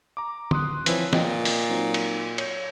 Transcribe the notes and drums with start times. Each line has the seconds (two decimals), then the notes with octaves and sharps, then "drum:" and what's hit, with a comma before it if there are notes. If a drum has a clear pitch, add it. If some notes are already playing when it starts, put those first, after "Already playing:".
0.17 A#5 D6
0.51 C6 D#6 F#6, drum: tom D3
0.86 E3 F3 C4 C#5, drum: hi-hat
1.13 A#2 A#4 D#5 G5, drum: snare
1.45 drum: open hi-hat
1.69 F#3 C4 D#4
1.94 drum: cymbal
2.38 C#5 G6, drum: cymbal